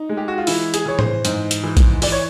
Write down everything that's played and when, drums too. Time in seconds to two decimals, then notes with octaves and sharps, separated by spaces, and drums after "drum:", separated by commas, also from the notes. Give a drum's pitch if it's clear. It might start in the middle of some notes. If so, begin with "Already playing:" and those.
Already playing: D#4
0.10 G#3
0.17 G4
0.28 F#4
0.38 F4
0.47 E3 E4, drum: open hi-hat
0.74 G#4, drum: hi-hat
0.86 E3 C#5
0.99 C5, drum: tom A2
1.25 G#2, drum: hi-hat
1.51 drum: hi-hat
1.64 E3
1.77 drum: kick, hi-hat
2.02 E3 D5, drum: open hi-hat
2.12 C#5